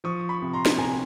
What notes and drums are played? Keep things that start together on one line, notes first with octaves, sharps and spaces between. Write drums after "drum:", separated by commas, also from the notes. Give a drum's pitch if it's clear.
F3 C#6 D#6
B5 C#6
C3
A#5 C6
drum: snare
C3 G#5 A#5